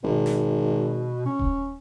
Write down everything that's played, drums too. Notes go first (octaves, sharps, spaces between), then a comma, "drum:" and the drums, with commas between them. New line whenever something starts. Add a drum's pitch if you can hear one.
G#1 B2
drum: snare
C#4
drum: kick D#1